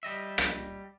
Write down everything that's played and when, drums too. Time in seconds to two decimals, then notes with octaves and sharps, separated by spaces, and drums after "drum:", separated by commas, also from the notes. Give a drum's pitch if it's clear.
0.03 G3 D#5 E5
0.38 drum: rim click